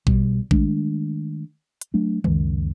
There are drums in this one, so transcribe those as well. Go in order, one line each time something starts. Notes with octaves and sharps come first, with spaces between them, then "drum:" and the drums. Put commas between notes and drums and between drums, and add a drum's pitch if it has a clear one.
B1 B2 G3, drum: kick A#1
D#3 G#3 A3 D4, drum: kick A#1
drum: hi-hat
F#3 A3 D4
C#2 F#2 D#3 G#3, drum: tom D#3